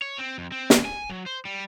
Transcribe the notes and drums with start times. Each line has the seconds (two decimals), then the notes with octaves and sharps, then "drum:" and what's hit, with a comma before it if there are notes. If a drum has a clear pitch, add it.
0.02 C#5
0.18 C4
0.38 F2
0.52 C4
0.70 D#2, drum: snare
0.85 G#5
1.10 F#3
1.26 C5
1.45 G3